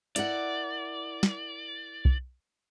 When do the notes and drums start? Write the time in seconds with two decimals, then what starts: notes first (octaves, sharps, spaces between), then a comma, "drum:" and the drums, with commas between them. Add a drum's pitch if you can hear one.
0.16 E4 A#4 D5 F#5, drum: hi-hat
1.23 drum: snare
2.05 drum: kick B1